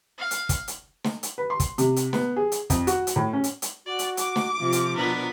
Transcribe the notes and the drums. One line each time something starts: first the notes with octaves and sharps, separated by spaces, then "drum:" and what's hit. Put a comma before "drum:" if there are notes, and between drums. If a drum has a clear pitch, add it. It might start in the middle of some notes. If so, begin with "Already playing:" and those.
F5
drum: hi-hat
drum: kick, hi-hat
drum: hi-hat
drum: snare
drum: hi-hat
B4
C6
drum: kick, hi-hat
C3, drum: hi-hat
drum: hi-hat
B3, drum: snare
G#4
drum: hi-hat
F2, drum: kick, hi-hat
F#4, drum: hi-hat
drum: hi-hat
A2
C#4
drum: hi-hat
drum: hi-hat
F#4 D5
drum: hi-hat
D6, drum: hi-hat
drum: snare
C3 F3 F5
drum: hi-hat
B2 B3 D4 A#4 B4